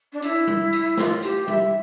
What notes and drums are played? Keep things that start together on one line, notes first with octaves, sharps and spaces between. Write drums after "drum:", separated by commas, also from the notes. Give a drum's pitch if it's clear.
D4
E4, drum: hi-hat
drum: tom G3
drum: hi-hat
F4, drum: snare
G4, drum: hi-hat
E5, drum: tom G3